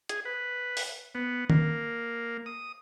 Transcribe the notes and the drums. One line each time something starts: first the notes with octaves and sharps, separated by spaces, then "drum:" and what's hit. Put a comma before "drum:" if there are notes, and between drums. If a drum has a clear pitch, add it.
G#4, drum: hi-hat
B4
drum: open hi-hat
B3
A#3, drum: tom D#3
D#6